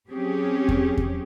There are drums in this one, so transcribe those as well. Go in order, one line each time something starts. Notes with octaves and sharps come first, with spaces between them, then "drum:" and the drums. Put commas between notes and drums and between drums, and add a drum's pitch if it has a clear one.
F#3 C4 C#4 G4 G#4
drum: kick E2
drum: kick E2